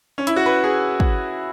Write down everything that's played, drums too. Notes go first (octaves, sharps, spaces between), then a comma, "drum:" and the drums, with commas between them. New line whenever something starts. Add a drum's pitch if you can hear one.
C#4
E4, drum: hi-hat
F#4
B4
G#4
drum: kick